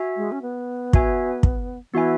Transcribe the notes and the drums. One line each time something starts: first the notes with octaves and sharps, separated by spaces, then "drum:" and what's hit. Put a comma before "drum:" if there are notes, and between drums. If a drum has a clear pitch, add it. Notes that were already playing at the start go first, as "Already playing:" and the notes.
Already playing: F#4 E5 G#5
G#3
C#4
B3
F#4 E5 G#5, drum: kick
drum: kick
E3 B3 F#4 E5 G#5